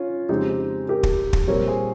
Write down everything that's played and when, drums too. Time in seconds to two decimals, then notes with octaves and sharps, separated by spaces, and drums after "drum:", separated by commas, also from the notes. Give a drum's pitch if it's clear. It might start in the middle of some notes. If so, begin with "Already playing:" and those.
Already playing: C#4 F4
0.29 F2 C#3 G#3 C4 D#4 G4
0.88 G4 A#4
1.03 drum: kick
1.33 drum: kick
1.47 A#2 G3 C4 A#4 C#5
1.67 G#4 C5